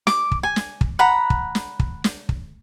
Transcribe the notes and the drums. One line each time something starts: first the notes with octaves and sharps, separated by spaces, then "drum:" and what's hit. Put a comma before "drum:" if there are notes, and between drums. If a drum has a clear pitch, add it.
D6, drum: snare
drum: kick
G#5
drum: snare
drum: kick
F#5 A#5 B5
drum: kick
drum: snare
drum: kick
drum: snare
drum: kick